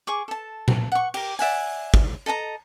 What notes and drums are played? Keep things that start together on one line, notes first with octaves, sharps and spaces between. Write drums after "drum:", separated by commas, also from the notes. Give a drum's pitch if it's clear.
G#4 C#6 D6
A4 A5
drum: tom A#2
F#5 C#6
G4 A#4, drum: cymbal
D5 E5 F#5 G#5, drum: open hi-hat
drum: kick
A4 D#5 A5 A#5